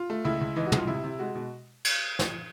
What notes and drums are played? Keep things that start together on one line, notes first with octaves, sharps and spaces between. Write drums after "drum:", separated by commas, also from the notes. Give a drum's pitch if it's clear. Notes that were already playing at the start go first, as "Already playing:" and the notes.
Already playing: F4
A3
C#2 E4
C#2
E3 D#4
F#4
C#2, drum: tom
F4
C3 E4
C3
G#3 F#4
B2
drum: cymbal
drum: snare